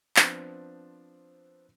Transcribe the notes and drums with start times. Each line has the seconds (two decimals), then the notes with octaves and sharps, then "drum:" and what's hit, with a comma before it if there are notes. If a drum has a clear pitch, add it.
0.17 F3 B3 C4 D4, drum: clap